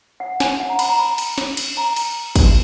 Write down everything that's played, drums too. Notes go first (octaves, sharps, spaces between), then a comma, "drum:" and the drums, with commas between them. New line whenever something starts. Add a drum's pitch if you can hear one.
F#5
G#5, drum: snare
F#5
A#5
B5, drum: cymbal
A#5
B5
drum: cymbal
drum: snare
drum: cymbal
A#5
drum: cymbal
drum: kick, cymbal